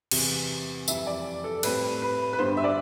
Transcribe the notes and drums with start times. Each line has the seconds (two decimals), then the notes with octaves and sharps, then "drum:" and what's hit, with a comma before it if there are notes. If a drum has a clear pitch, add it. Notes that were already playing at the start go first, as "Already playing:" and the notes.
0.11 E2 C3 E3, drum: cymbal
0.88 F2 E3 G3 E5, drum: tambourine
1.07 D5
1.44 A4
1.63 A2 G3 C4 B4, drum: cymbal
2.02 B4
2.33 B4
2.39 G2 D3 G3 B3 C5
2.57 E5
2.64 D5